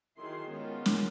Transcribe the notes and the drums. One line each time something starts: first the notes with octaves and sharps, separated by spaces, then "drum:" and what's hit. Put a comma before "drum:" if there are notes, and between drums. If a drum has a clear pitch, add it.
D#3 F#3 E4 G#4 C6
D#3 G#3 B3 C#4 F4
drum: snare